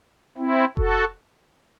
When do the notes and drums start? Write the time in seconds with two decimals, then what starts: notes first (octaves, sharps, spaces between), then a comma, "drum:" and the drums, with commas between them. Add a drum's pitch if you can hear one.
0.38 C4 E4
0.77 F#4 A4, drum: kick F1